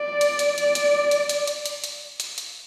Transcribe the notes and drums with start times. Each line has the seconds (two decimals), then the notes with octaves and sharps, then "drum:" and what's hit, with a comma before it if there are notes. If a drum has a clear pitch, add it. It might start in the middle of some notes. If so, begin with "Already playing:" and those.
Already playing: D5
0.21 drum: hi-hat
0.39 drum: hi-hat
0.58 D5, drum: hi-hat
0.75 drum: hi-hat
1.11 drum: hi-hat
1.29 drum: hi-hat
1.47 drum: hi-hat
1.66 drum: hi-hat
1.84 drum: hi-hat
2.20 drum: hi-hat
2.38 drum: hi-hat